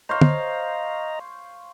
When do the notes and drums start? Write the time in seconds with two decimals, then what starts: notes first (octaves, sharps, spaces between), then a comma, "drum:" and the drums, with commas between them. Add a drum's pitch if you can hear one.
0.09 C5 C#5 D#5 F5 A#5
0.21 drum: tom